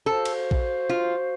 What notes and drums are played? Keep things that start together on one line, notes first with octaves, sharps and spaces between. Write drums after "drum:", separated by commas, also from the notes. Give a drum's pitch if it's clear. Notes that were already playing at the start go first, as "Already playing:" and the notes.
F#4 A4 C5 F5
drum: cymbal
drum: kick
F4